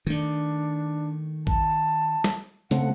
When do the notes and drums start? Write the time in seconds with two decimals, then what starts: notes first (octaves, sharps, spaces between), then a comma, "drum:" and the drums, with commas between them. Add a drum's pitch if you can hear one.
0.07 D#3 A3 D4
1.47 A5, drum: kick A1
2.24 drum: snare
2.71 C#3 A3 C4 F#5, drum: hi-hat